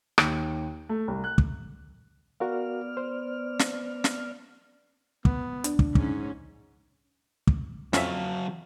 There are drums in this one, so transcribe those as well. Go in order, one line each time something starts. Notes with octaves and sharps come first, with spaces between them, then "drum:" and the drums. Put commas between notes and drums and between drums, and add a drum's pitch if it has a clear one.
D#2, drum: rim click
A3
C2
F#6
drum: kick
B3 F#4 A#4 D5 F5 F6
C5
drum: snare
drum: snare
B3, drum: kick
D4, drum: hi-hat
drum: kick
G#2 C#4, drum: kick
drum: kick
F2 F#3 C#4 E5 F5, drum: snare